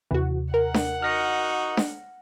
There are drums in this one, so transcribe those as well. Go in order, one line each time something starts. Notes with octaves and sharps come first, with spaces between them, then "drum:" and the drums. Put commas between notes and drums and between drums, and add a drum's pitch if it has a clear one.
D#2 C3 E3 F#4
A#4 F#5
drum: snare D4
D#4 F#4 F6 A#6 C#7
drum: snare D4